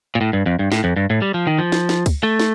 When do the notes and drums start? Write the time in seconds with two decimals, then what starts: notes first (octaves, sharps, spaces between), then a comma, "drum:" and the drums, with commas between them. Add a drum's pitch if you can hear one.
0.15 A#2
0.21 A2
0.33 G2
0.46 F2
0.59 G2
0.72 A2, drum: snare
0.84 F2
0.96 G2
1.10 A2
1.22 G3
1.34 F3
1.47 D#3
1.59 F3
1.72 drum: snare
1.89 drum: snare
2.06 drum: kick C#2, cymbal
2.23 A3
2.40 drum: snare